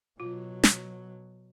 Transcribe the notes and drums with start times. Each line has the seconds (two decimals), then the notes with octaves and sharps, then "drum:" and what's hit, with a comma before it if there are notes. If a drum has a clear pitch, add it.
0.20 B2 F#3 F4
0.63 drum: snare